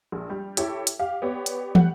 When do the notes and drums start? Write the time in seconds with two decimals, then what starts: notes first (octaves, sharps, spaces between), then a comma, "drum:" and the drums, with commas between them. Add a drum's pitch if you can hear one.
0.12 A#1
0.30 G3
0.57 E4 G4 A4 C#5, drum: hi-hat
0.87 drum: hi-hat
0.99 G4 F5
1.22 B3 G4 C#5 D5
1.46 drum: hi-hat
1.75 G3 A3 F#5, drum: tom